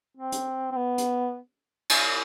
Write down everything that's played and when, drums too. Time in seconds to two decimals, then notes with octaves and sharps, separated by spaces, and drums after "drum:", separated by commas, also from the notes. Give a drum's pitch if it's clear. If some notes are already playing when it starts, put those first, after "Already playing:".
0.17 C4
0.32 drum: hi-hat
0.71 C4
0.76 B3
0.98 drum: hi-hat
1.89 drum: cymbal